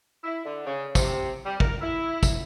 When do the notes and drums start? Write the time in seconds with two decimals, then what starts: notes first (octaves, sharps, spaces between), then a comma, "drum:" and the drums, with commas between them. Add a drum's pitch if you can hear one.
0.24 E4
0.45 D3
0.66 C#3
0.95 C3, drum: kick, tambourine
1.45 G3
1.60 A#4, drum: kick
1.82 E4
2.23 drum: kick, tambourine